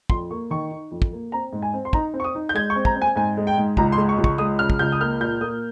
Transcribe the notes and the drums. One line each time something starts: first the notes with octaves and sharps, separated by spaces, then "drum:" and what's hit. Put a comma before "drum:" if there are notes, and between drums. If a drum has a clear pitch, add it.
F2 C6, drum: kick
A#3 C#6
D#3 C#6
D#4
F2
drum: kick
A#3
C4 A#5
G#2
G#5
C4
C6
D#4 A#5, drum: kick
C4
C#6
D#6
D#4
G6
G#3 G#6
C#6
C4
A#5, drum: kick
C4
G#5
G#2 G#5
G#3
G5
G#2
C#2 A#5, drum: kick
C6
G#3
C#6
C#2
C#6, drum: kick
G#3 D#6
C#3 F6
drum: kick
C#2 G6
D#6
A#3 F6
A#2 G6
A#3 D#6